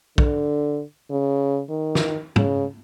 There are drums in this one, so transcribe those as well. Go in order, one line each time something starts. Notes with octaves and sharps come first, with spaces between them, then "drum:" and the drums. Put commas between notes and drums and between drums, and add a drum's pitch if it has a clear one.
D3, drum: kick
C#3
D#3
drum: snare
C#3, drum: tom